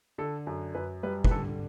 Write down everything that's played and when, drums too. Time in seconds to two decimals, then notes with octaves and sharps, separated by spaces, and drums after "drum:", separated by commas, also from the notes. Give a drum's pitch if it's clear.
0.18 D3 A4
0.47 F#2
0.75 F#2 B4
1.03 G3 B4
1.25 B4, drum: kick
1.31 D3 A4